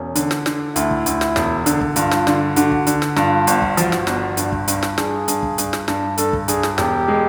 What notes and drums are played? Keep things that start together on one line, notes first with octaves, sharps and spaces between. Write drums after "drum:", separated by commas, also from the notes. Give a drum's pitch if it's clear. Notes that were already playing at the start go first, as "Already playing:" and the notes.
Already playing: E1 C#4
D3, drum: hi-hat
drum: snare
D3, drum: snare
D2 E4, drum: hi-hat
drum: kick
D2, drum: hi-hat
drum: snare
E1, drum: snare
D3, drum: hi-hat
drum: kick
G2 F4, drum: hi-hat
drum: snare
D3, drum: snare
D3 F#4, drum: hi-hat
drum: kick
D3, drum: hi-hat
drum: snare
G2 F4, drum: snare
G1, drum: hi-hat
drum: kick
F3 F#4, drum: hi-hat
drum: snare
G1, drum: snare
G2, drum: hi-hat
drum: kick
G2, drum: hi-hat
drum: snare
G2 G#4, drum: snare
G2, drum: hi-hat
drum: kick
G2, drum: hi-hat
drum: snare
G2, drum: snare
G2 A4, drum: hi-hat
drum: kick
G2 G#4, drum: hi-hat
drum: snare
E1 G4, drum: snare
G#3